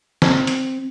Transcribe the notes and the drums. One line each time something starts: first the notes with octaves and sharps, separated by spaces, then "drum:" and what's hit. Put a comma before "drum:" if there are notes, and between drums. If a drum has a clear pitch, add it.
C4, drum: snare
drum: hi-hat